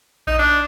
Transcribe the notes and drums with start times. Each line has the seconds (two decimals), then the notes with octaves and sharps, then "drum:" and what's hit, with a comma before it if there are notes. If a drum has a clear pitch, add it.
0.27 D#4, drum: kick A#1
0.39 D4